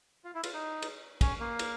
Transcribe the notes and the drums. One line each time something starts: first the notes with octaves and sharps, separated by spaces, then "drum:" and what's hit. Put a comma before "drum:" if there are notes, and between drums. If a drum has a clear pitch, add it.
F4
E4
F4, drum: cymbal
D#4
drum: cymbal
C#4, drum: kick, cymbal
A#3
drum: cymbal